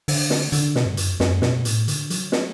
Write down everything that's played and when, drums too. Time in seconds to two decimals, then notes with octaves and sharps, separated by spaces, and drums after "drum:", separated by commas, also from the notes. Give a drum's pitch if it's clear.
0.08 D3, drum: open hi-hat
0.30 drum: snare
0.52 D3, drum: hi-hat
0.76 B2, drum: snare
0.86 G2
0.97 F#2, drum: hi-hat
1.20 F#2, drum: snare
1.42 B2, drum: snare
1.65 A2, drum: hi-hat
1.88 D3, drum: hi-hat
2.10 F#3, drum: hi-hat
2.32 drum: snare